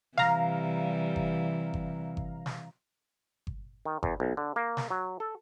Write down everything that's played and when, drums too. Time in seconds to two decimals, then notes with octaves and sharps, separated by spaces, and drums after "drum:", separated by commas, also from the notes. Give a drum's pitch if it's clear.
0.18 C3 E3 G3 F5 A#5, drum: snare
1.16 drum: kick G1
1.74 drum: kick G1
2.17 drum: kick G1
2.46 drum: snare
3.47 drum: kick G1
3.85 D#3
4.03 E2, drum: kick G1
4.20 B1
4.37 D3
4.56 A#3
4.77 drum: snare
4.90 F#3
5.20 A4